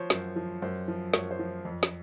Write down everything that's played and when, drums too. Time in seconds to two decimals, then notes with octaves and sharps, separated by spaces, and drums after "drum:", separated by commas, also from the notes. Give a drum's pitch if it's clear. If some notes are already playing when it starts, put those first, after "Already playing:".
Already playing: F3 C5 C#5
0.10 F#2 C5, drum: snare
0.36 F3
0.62 F#2 C5
0.88 F3
1.14 F#2 C#5, drum: snare
1.31 C5
1.39 F3
1.65 F2
1.83 drum: snare